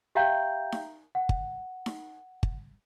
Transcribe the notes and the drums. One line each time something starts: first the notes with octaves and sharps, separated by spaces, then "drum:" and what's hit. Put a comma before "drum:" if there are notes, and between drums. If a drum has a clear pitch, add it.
G4 E5 F5 G5 A#5 G6
drum: snare D#4
F#5
drum: kick G1
drum: snare D#4
drum: kick G1